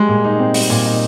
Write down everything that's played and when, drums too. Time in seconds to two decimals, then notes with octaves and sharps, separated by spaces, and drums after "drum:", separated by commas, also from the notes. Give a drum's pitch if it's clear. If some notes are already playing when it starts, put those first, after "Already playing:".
Already playing: G3 G#3 G#4
0.09 A#2
0.24 D#4
0.39 C4
0.54 G3, drum: open hi-hat
0.70 A#2
0.85 D#4